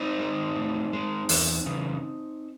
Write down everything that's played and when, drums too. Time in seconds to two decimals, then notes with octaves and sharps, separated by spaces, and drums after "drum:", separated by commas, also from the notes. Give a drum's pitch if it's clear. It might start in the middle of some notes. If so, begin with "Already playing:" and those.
Already playing: C4 D#4
0.19 G#3
0.56 A2
0.93 G#3
1.29 E2, drum: open hi-hat
1.66 C#3 E3